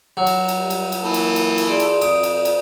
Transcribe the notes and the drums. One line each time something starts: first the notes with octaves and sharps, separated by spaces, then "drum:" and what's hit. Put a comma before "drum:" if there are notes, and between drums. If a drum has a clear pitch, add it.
F#3
drum: cymbal
drum: cymbal
G3
drum: cymbal
drum: cymbal
E3 A#3 A4
drum: cymbal
drum: cymbal
drum: cymbal
G#4 D5 C6
drum: cymbal
F2 D5 D#6, drum: cymbal
drum: cymbal
drum: cymbal